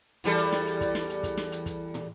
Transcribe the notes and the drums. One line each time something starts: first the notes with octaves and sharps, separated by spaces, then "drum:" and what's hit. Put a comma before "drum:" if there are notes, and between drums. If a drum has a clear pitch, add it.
E2 G3 A4, drum: hi-hat
drum: hi-hat
drum: snare
drum: hi-hat
drum: kick, hi-hat
drum: snare
drum: hi-hat
drum: kick, hi-hat
drum: snare
drum: hi-hat
drum: kick, hi-hat
drum: tom